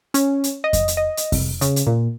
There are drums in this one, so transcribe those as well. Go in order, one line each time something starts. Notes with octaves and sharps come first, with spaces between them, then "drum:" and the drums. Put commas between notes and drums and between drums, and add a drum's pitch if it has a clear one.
C#4, drum: hi-hat
drum: hi-hat
D#5
drum: kick F2, hi-hat
drum: hi-hat
D#5
drum: hi-hat
C2, drum: kick F2, open hi-hat
C#3, drum: hi-hat
drum: hi-hat
A#2